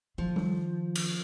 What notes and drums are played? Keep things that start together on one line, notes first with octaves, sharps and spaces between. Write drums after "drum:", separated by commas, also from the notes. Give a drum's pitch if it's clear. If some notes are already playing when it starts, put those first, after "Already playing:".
D#3 F3
drum: tom G3
drum: cymbal